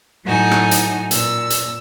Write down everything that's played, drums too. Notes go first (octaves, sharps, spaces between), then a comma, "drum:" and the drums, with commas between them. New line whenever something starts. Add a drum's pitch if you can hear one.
A2 F#3 D#4 F#4 G#5
drum: rim click
drum: hi-hat
A#2 E6, drum: hi-hat
drum: hi-hat